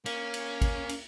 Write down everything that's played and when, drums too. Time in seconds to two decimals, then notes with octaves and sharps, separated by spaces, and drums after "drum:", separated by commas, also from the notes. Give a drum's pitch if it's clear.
0.06 A#3 C#4, drum: cymbal
0.34 drum: cymbal
0.61 drum: kick G#1, cymbal
0.89 drum: cymbal